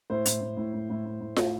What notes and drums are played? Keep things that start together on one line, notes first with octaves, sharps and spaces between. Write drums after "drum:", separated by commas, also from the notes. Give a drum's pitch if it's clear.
A2 C5
A2, drum: hi-hat
A2
A2
A2
A2
A2
A2
A2, drum: snare F4